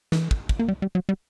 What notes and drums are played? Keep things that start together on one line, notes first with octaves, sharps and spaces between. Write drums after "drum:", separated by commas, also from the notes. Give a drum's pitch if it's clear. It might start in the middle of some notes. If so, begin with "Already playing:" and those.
E3, drum: snare
drum: kick
drum: kick
A#3
G3
G3
F#3
G3